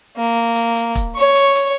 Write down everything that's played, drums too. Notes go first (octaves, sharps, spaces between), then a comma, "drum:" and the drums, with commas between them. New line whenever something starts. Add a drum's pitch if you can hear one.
A#3
drum: hi-hat
drum: hi-hat
drum: kick, hi-hat
C#5 C#6
drum: hi-hat
drum: hi-hat